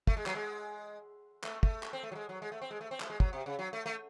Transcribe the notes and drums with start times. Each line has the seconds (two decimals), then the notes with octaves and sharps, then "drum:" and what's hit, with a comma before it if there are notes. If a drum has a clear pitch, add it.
0.07 A3, drum: kick
0.17 G#3
0.26 F#3, drum: clap
0.35 G#3
1.44 A3, drum: clap
1.63 A3, drum: kick
1.83 drum: clap
1.93 C4
2.03 A3
2.12 F#3
2.15 G#3
2.29 F#3
2.42 G#3
2.52 A3
2.62 C4
2.71 G#3
2.81 A3
2.91 C4
3.00 A3, drum: clap
3.10 G#3
3.20 F#3, drum: kick
3.33 C3
3.46 C#3
3.59 F#3
3.73 A3
3.86 A3